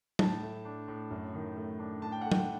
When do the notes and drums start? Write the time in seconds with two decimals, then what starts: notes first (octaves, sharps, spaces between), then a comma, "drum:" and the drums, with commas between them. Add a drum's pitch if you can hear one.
0.19 A2 A5, drum: tom
0.42 A3
0.65 D4
0.88 A2
1.10 F#2
1.33 D#3
1.57 A3
1.79 D4
2.02 A2 A5
2.12 G5
2.21 A3 F#5
2.32 G5, drum: tom